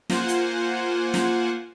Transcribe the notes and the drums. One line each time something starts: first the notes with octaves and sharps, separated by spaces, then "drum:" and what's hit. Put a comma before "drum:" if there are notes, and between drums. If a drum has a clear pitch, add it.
A#3 F4 C5 F#5 G#5, drum: snare
drum: hi-hat
drum: snare